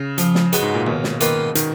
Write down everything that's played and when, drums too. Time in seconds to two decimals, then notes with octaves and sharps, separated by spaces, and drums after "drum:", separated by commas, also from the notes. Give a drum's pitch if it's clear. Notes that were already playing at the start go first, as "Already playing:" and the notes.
Already playing: C#3
0.18 F3, drum: hi-hat
0.35 drum: snare
0.53 G#3 B3 F#4, drum: hi-hat
0.63 G#2
0.74 A#2
0.87 D#2 B2
1.04 drum: snare
1.21 D#3 A#3 F4 B4, drum: hi-hat
1.55 D#3, drum: hi-hat